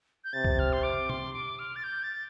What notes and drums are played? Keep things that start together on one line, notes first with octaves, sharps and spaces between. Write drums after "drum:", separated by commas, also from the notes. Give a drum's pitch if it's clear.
G6
C3 A6
drum: kick C2
F6
C6
D6
C6, drum: tom
D6
F6
A6
G6
A6